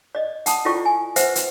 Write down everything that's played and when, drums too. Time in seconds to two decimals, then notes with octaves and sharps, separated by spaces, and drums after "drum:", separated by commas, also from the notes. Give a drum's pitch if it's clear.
0.15 D5 D#5
0.46 F#5 A5 D#6, drum: hi-hat
0.65 E4 F4 A4 D5 G5 C#6
0.86 G#5
1.16 B4 C5 E5 F#5, drum: hi-hat
1.35 drum: hi-hat